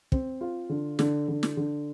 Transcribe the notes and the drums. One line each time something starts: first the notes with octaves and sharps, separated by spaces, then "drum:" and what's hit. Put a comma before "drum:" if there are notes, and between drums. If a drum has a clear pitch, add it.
C4, drum: kick
F4
D3
D3, drum: snare
D3
drum: snare
D3